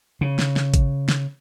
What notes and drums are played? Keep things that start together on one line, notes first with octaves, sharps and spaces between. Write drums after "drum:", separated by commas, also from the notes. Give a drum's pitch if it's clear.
C#3
drum: snare
drum: snare
drum: kick G#1, hi-hat
drum: snare